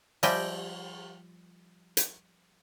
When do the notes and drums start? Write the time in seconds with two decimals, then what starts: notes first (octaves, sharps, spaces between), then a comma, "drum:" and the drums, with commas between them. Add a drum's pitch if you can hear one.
0.23 F3 G3 G4 D#5 E5 G#5, drum: cymbal
1.97 drum: hi-hat